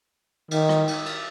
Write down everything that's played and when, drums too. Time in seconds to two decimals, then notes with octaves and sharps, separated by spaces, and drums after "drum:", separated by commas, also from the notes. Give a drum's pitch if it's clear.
0.51 D#3, drum: cymbal
0.69 drum: rim click
0.88 drum: cymbal
1.06 drum: cymbal